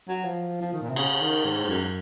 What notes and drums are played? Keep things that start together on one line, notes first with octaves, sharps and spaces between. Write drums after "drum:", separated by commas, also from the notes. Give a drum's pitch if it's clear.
F#3
F3
F3
D#3
A#2
C3
C#3, drum: cymbal
D#3
G#2
G#2
F#2